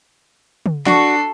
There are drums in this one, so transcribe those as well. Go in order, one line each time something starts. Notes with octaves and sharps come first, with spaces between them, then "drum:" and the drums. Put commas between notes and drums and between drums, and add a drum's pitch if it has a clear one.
drum: tom
D4 F#4 A4 C7, drum: snare